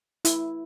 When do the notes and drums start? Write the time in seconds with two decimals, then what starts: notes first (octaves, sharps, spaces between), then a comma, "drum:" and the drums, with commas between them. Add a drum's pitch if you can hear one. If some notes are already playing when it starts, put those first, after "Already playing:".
0.25 E4, drum: hi-hat